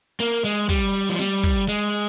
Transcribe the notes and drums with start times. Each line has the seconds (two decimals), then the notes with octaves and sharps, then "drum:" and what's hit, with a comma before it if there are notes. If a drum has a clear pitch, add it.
0.20 A#3
0.45 G#3
0.69 G3, drum: kick
1.09 F3
1.19 G3, drum: snare
1.43 drum: kick
1.68 G#3